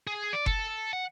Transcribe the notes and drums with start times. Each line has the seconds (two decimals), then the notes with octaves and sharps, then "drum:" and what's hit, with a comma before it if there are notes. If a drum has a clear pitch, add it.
0.07 G#4
0.33 D5
0.46 A4, drum: kick F#1
0.93 F#5